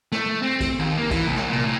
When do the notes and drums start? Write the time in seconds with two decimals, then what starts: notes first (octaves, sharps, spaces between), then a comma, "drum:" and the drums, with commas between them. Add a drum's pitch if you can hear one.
0.12 A3, drum: snare
0.42 C4
0.60 drum: kick, cymbal
0.79 D#2
0.98 A#3
1.11 E3, drum: kick, cymbal
1.27 C2
1.36 drum: snare
1.50 A#2
1.66 A2